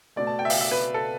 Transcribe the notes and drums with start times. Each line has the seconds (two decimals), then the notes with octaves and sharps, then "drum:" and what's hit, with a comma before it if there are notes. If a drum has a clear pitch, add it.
0.16 B2 A3 D5
0.27 A5
0.39 G5
0.45 E5
0.50 F5, drum: open hi-hat
0.61 E5
0.71 B4
0.94 A4